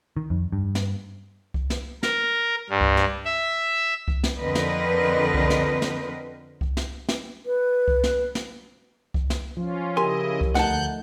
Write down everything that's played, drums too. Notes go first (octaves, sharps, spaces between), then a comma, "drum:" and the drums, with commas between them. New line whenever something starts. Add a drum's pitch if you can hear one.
D#3
F2
G2
drum: snare
drum: kick C2
drum: snare
A#4, drum: snare
G2
drum: kick C2
drum: snare
E5
drum: kick C2
drum: snare
F2 D3 C4 A#4 B4 D#5
drum: snare
drum: kick C2
drum: snare
drum: snare
drum: kick C2
drum: snare
drum: snare
B4
drum: kick C2
drum: snare
drum: snare
drum: kick C2
drum: snare
F3 C#4 F4
C#3 E4 G4 A#4 D#5 G#5 C6
drum: kick C2
D2 A3 D#4 F#5 A5 F#6 G6, drum: snare